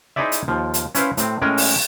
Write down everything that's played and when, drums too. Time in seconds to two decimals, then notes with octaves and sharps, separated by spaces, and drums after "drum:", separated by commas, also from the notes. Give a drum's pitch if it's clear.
0.16 D#4 E4 G#4 C5 D5 E5
0.32 drum: hi-hat
0.48 D#2 F3
0.74 drum: hi-hat
0.95 C#4 E4 B4 C5 F5, drum: hi-hat
1.17 A2 C4, drum: hi-hat
1.42 A2 G#3 C#4 A#4 G5 G#5
1.58 drum: open hi-hat